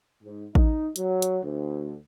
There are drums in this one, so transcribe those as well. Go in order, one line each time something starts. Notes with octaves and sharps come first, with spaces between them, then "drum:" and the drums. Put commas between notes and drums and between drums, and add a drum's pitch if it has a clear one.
G#2
D#4, drum: kick A1
F#3, drum: hi-hat
drum: hi-hat
D2